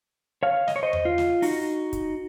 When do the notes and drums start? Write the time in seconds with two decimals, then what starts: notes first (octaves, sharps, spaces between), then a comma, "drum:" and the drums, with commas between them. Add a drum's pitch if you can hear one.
0.43 C#5 F5
0.68 D#5, drum: snare
0.76 C#5
0.83 C5 D#5
0.93 drum: tom E2
1.05 F4
1.18 drum: snare
1.42 D#4 F#4, drum: open hi-hat
1.93 drum: kick, hi-hat